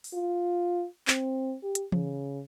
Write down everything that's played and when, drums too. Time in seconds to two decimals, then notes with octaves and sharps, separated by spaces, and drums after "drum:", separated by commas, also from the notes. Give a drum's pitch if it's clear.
0.04 drum: open hi-hat
0.14 F4
1.08 C4, drum: clap
1.63 G4
1.75 drum: hi-hat
1.92 C#3, drum: tom E3